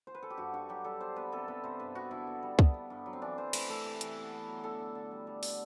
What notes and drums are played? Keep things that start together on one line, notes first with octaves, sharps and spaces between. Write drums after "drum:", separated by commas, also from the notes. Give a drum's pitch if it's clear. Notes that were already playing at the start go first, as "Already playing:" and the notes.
C5
B4
A4
G4
G2 F#4
G2 F#4
F#3 G4
G3 A4
B3 C5
B3 B4
C3 A4
B3 B4
C3 C5
G2 B4
B3 F#4
D3 E4
B3
G3
B3, drum: kick
B3
G2
F#3
C4
E3 D4
E3 C5
A3 B4, drum: cymbal
A3 A4
C3
E3, drum: hi-hat
B3
B3
F#3
D3 A4
D3
D3
G3
G3
B3, drum: open hi-hat